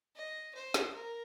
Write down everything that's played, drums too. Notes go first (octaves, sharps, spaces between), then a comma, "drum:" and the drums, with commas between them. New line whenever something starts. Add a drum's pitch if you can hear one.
D#5
C5
drum: snare
A#4